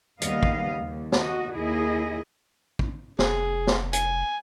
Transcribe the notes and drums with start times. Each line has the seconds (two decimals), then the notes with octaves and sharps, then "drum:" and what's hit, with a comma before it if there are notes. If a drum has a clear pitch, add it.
0.22 D#2 C#3 G3 B3 D#5 F5, drum: hi-hat
0.43 drum: kick
0.79 D#2
1.12 drum: snare
1.22 F#4 D#5
1.55 D#2 E4 G#4 D#5
2.79 drum: kick
3.19 F1 G#4, drum: snare
3.67 drum: snare
3.93 G#5, drum: hi-hat